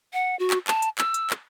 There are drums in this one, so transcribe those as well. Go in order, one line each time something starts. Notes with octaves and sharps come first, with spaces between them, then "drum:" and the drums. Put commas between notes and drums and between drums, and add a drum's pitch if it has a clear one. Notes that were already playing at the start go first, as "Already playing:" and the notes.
F#5
F#4
drum: clap
A5, drum: clap
drum: hi-hat
E6, drum: clap
drum: hi-hat
drum: clap